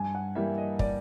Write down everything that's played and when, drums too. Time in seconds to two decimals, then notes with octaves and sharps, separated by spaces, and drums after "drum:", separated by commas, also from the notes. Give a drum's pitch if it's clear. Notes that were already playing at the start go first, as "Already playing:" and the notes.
Already playing: G2 G#5
0.15 F#5
0.35 E3 G3 A#3 E5
0.57 D#5
0.79 D5, drum: kick